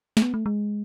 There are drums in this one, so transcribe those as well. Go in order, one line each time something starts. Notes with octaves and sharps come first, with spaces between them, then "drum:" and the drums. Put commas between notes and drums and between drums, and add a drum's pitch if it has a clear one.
A3, drum: snare
B3
A3
G#3